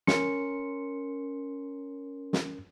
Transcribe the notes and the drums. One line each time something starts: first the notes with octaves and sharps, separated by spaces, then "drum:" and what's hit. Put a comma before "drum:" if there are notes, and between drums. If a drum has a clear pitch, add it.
C#4 A#4 C6 C#7, drum: snare
drum: snare